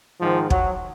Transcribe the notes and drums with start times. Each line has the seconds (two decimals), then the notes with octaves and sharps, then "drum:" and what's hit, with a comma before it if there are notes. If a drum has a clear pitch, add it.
0.21 G#2 D#3 F3
0.50 F#3, drum: kick